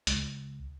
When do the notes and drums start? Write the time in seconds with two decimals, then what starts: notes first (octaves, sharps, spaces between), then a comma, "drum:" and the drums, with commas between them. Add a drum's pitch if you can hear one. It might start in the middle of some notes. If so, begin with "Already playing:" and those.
0.07 C#2, drum: hi-hat